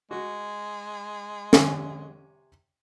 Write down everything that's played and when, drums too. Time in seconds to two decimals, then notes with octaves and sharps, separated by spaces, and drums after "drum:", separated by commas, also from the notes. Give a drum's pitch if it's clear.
0.11 G#3 F#4
1.53 C3 G#5 C#6, drum: snare